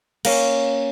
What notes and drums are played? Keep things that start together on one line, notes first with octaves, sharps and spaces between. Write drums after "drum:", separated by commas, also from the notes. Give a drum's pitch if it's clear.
A#3 C#4, drum: cymbal